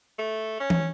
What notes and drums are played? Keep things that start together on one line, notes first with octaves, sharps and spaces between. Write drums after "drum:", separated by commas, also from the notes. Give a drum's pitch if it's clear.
A3
C#4
drum: tom E3